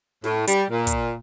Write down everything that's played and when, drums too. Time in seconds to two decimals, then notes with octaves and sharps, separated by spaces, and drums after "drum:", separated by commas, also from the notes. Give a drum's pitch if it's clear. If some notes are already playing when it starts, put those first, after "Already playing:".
0.24 A2, drum: snare
0.47 G3, drum: hi-hat
0.71 A#2
0.87 drum: kick, hi-hat